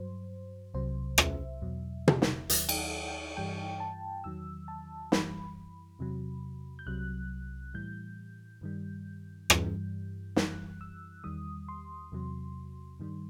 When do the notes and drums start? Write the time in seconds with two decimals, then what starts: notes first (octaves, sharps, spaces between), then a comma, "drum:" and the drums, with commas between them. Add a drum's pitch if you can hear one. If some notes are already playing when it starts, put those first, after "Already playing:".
Already playing: G2 F#3 C5
0.74 C2 C3 F#3 C5
1.18 E5, drum: rim click
1.61 E2 B2 F#3
2.08 drum: tom
2.22 drum: snare
2.50 D#2 D#3 F#3 E5, drum: hi-hat
2.69 G5, drum: cymbal
2.78 F#5
3.08 G5
3.37 G2 E3 G3 G5
3.80 A5
4.24 E2 D#3 F#3 E6
4.68 A5
5.12 F#2 E3 G3 B5, drum: snare
5.99 E2 C3 F#3
6.79 G6
6.87 C2 C3 F#3 F#6
7.74 A2 E3 G3 G6
8.61 G2 D#3 G3
9.50 G2 E3 G3, drum: rim click
10.36 F#2 E3 G3 F#6, drum: snare
10.81 E6
11.24 E2 D#3 G3 D#6
11.68 C6
12.12 E2 C3 F#3
13.00 G2 D#3 G3